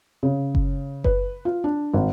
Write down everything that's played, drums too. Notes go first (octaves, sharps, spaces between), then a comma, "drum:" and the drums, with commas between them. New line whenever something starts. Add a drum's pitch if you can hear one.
C#3
drum: kick F#1
B4, drum: kick F#1
F4
D4
G#1